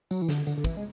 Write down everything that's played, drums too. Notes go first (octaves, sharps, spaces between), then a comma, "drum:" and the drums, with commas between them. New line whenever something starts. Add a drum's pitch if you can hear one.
F#3, drum: tambourine
E3
D3, drum: snare
D3, drum: tambourine
D3
E3, drum: kick, tambourine
G#3